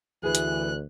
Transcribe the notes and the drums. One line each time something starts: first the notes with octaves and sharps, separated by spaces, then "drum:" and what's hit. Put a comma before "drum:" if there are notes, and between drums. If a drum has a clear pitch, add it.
D2 E3 G#4 B4 F#6
drum: hi-hat